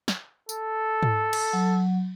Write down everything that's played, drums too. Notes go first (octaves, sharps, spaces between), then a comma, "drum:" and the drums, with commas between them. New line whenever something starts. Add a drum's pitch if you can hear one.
drum: snare
A4, drum: tambourine
drum: tom G#2
drum: cymbal
F#3